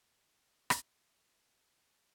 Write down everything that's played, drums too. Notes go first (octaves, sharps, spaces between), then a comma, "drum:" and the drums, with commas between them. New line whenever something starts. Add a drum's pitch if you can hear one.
D5 G5 G#5
drum: rim click